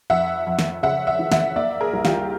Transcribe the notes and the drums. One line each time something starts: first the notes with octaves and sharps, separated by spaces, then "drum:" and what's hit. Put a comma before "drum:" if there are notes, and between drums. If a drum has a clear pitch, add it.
F2 E5 F#5
F2
drum: snare
C#3 E5 F#5
E5 F#5
E3
E5 F#5, drum: snare
A#3 D5 E5
G#4 A#4
C2
F4 G4, drum: snare